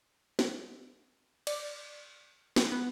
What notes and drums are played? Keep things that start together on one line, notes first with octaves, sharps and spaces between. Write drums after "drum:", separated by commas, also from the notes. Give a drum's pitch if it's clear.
drum: snare
D5, drum: cymbal
drum: snare
B3